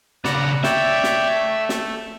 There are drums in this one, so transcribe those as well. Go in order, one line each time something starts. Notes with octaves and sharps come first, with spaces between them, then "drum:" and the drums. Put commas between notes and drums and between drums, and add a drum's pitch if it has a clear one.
C#3 D4 F#5 A#5, drum: snare
C#5 D5 E5 G5, drum: snare
drum: snare
A3
drum: snare